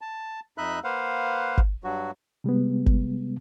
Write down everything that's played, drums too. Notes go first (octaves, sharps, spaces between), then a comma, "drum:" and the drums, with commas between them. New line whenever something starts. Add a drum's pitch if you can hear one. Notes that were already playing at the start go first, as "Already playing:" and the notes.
A5
F2 D#4 D#5 E5 B5 F#6
A#3 B4 C5 F5 F#5
drum: kick G#1
G2 F#3 F#4
C3 G3 G#3 B3
drum: kick G#1